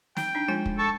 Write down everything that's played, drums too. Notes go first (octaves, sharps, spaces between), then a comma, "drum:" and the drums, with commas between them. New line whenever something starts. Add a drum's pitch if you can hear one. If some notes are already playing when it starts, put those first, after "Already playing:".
D#4 G5, drum: snare
D4 D#4
F3 G#3 F4 G#5
drum: kick
A4 A5 C#6